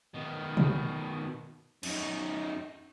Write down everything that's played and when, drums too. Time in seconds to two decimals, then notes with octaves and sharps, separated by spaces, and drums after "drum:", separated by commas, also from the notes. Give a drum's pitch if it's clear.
0.14 B2 D#3
0.57 drum: tom B2
1.83 F#2 D#4, drum: cymbal